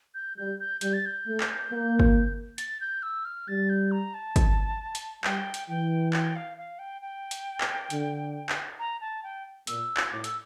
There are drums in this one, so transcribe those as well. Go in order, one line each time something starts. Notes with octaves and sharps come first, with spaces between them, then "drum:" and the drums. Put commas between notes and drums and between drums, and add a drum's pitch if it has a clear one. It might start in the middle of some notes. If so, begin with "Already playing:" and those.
G6
G3 G6
G6
G3 G6, drum: hi-hat
A6
G6
A3
drum: clap
A#3
drum: kick
A6, drum: hi-hat
G6
E6
F6
G3 A6
G6
A#5
A5
drum: kick, hi-hat
drum: hi-hat
G3 G5, drum: clap
drum: hi-hat
E3 G5
G5, drum: clap
F5
F5
G5
G5
drum: hi-hat
drum: clap
D3, drum: hi-hat
drum: clap
A#5
A5
G5
A#2 E6, drum: hi-hat
drum: clap
A2 D6
E6, drum: hi-hat